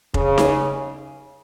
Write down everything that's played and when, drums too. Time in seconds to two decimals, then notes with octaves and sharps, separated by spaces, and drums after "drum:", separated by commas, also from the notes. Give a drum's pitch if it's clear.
0.14 C#3, drum: kick F1
0.38 drum: snare D#4